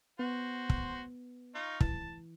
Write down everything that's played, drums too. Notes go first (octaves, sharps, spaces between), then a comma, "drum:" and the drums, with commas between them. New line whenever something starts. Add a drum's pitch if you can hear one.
B3 F#4 C5
drum: kick
D#4 F4 C#6
E3 A5, drum: kick